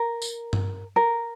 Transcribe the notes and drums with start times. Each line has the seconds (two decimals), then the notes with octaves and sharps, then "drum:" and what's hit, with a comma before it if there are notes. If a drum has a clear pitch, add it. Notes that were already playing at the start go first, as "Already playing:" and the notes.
Already playing: A#4
0.22 drum: tambourine
0.53 drum: tom G2
0.96 A#4